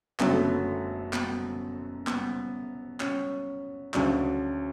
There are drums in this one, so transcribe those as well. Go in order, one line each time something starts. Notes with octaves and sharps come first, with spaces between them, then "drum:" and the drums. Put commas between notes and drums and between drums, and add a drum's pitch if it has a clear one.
F#1 F#2 D3 F#3 B3, drum: clap
A3
B3
B3, drum: clap
B3, drum: clap
C#4, drum: clap
D2 C#3 F#3 D4, drum: clap